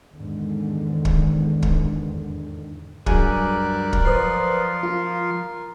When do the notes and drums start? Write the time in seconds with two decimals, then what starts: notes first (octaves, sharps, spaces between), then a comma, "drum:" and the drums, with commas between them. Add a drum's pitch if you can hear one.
0.14 E2 G#2 D3 D#3
1.05 drum: kick
1.62 drum: kick
3.06 D2 G2 F#3 G#4 A#4 D5 D6 F#6, drum: kick
3.93 drum: kick
4.05 F3 B4 C5 C6 D#6
4.83 F4 A#4